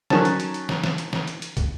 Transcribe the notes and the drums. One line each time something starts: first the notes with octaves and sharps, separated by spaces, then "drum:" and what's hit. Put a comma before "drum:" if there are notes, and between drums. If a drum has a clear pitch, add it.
D#3 F#3 C#4 A5, drum: snare
drum: hi-hat
drum: hi-hat
drum: hi-hat
drum: snare
drum: snare
drum: hi-hat
drum: snare
drum: hi-hat
drum: hi-hat
drum: kick, hi-hat